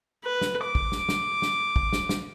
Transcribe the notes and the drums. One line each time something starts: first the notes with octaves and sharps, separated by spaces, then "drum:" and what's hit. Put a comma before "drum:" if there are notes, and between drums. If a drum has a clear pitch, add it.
B4
drum: snare
D6
drum: kick
drum: snare
drum: snare
drum: snare
drum: kick
drum: snare
drum: snare